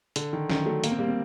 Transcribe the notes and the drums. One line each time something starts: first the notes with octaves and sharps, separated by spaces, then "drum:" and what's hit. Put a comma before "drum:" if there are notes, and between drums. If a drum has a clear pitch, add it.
D3, drum: hi-hat
D#3
D#3, drum: snare
F#3 A3
A#3, drum: hi-hat
C4
G3 A#3
C4